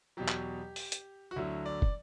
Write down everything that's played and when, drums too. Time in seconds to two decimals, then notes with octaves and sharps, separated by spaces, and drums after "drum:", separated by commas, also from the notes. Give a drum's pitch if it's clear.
0.17 E2 B2 F#3 G4
0.28 drum: clap
0.76 drum: open hi-hat
0.92 drum: hi-hat
1.31 F#4
1.36 D2 D3 F#3 E4
1.66 D5
1.82 drum: kick